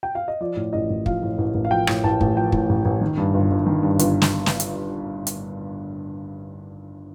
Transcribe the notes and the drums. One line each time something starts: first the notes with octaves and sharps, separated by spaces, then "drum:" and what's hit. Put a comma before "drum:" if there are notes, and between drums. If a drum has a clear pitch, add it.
G5
F5
D#5
F3 D5
A2
A1 D#5
A1
F3 F5, drum: kick
A2
A1
A1
F5
F3 G5
A2, drum: rim click
A1 A5
A1, drum: kick
F3 G5
A2, drum: kick
A1
A1
D#3
G2
G1
G1
D#3
G2
G1, drum: hi-hat
drum: snare
drum: snare
drum: hi-hat
drum: hi-hat